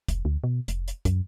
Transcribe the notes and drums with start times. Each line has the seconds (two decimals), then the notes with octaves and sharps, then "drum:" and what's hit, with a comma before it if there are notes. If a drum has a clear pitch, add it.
0.08 F1, drum: kick, hi-hat
0.25 D2
0.44 B2
0.68 F1, drum: hi-hat
0.88 drum: hi-hat
1.05 F#2, drum: kick, hi-hat